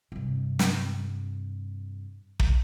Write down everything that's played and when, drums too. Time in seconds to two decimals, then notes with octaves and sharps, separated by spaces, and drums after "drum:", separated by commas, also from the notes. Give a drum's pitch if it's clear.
0.12 G2 C3
0.59 drum: snare
2.40 drum: kick